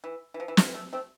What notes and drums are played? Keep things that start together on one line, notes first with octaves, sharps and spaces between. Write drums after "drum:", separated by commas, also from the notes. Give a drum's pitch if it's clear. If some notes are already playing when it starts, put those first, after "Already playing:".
E3
E3
F3
E3
D3, drum: snare
E3
A3
A3 C4